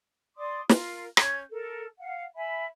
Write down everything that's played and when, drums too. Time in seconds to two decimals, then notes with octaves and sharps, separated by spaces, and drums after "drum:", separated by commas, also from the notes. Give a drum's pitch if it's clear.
0.37 D5 C6 D6 D#6
0.69 F4 A#4, drum: snare
1.17 C#4 G6 G#6, drum: rim click
1.50 A4 A#4
1.99 F5 F#5
2.36 E5 G#5 B5